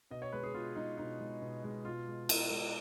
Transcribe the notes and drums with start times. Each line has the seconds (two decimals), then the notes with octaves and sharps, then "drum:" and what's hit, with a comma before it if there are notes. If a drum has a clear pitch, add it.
0.11 B2 D#5
0.22 C#5
0.32 G#3 B4
0.43 G#4
0.54 B2 F4
0.76 G#3 D#4
0.98 B2 D#4
1.20 G#3
1.41 B2
1.64 G#3
1.85 B2 F4
2.08 G#3
2.29 B2, drum: cymbal
2.51 G#3